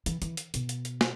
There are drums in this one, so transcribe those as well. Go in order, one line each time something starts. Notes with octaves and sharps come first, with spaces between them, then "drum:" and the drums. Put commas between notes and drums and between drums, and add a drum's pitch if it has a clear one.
E3, drum: hi-hat
E3, drum: hi-hat
drum: hi-hat
B2, drum: hi-hat
drum: hi-hat
drum: hi-hat
drum: snare